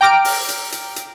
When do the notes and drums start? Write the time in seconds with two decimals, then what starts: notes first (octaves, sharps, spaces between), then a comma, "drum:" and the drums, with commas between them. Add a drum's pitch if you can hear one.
0.01 G5 A#5 D6 F6 D7
0.25 drum: open hi-hat
0.48 drum: hi-hat
0.72 drum: hi-hat
0.96 drum: hi-hat